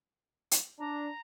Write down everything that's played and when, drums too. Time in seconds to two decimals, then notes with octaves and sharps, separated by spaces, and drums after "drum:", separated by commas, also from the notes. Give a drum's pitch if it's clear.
0.51 drum: hi-hat
0.79 D4 A#5